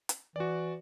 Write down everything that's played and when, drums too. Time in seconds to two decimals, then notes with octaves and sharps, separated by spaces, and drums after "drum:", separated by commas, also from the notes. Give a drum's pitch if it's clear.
0.09 drum: hi-hat
0.36 E3 F#4 D5